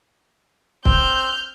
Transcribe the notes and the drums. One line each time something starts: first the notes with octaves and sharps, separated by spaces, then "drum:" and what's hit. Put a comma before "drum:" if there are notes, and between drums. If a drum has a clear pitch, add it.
C4 F6 G6, drum: kick